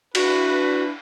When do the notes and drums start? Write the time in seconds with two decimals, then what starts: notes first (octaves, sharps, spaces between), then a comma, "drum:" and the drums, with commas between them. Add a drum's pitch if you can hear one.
0.15 D4 E4 F#4 B4, drum: cymbal